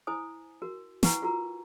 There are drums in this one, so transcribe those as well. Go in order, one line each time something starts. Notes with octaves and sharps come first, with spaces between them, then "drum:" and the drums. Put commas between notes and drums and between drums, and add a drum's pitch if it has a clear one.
E4 C5 G#5 D#6
F#4 A#4
E4 B4 F#5 G#5 C#6, drum: snare
F4 F#4 A#4 A#5